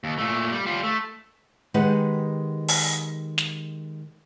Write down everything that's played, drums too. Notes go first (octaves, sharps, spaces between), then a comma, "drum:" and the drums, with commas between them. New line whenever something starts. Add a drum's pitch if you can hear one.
D#2
A#2 A3
G3
G3 F4
A3
D#3 G#3 G4 B4 F#5
drum: open hi-hat
drum: snare